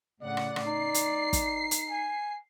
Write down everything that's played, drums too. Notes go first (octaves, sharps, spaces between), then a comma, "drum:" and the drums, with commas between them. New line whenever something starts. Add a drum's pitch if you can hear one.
A2 C#3 D5 F#5
drum: rim click
drum: rim click
D#4 C7
drum: hi-hat
drum: kick, hi-hat
drum: hi-hat
G#5